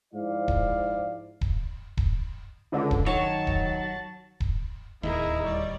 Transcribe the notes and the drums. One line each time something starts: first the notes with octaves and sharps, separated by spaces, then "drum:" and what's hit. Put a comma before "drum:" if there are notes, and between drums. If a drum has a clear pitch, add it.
G#2 F3 E4 D5 F5
drum: kick D#1
drum: kick D#1
drum: kick D#1
C#2 D3
drum: kick D#1
D#3 F#3 F#4 C#5 A5
drum: kick D#1
drum: kick D#1
D1 G1 D#2 D#4 E4 G#4 A#4 A#5
G3 C#5 D5